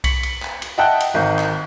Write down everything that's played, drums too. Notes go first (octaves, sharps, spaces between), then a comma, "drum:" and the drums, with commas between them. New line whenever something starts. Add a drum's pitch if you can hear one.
B6 C#7 F#7, drum: kick B1, cymbal
drum: cymbal
drum: clap
drum: cymbal
D#5 E5 F#5 G5 A5 F#6
drum: cymbal
G#1 D#3 D#5
drum: clap